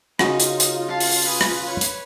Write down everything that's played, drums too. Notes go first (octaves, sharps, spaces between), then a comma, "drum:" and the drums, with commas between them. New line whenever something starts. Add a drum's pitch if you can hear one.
C#3 C#4 D#4 F4 F#4, drum: rim click
drum: hi-hat
drum: hi-hat
F5 A5
drum: open hi-hat
G#4 B4
drum: rim click
C#5
drum: hi-hat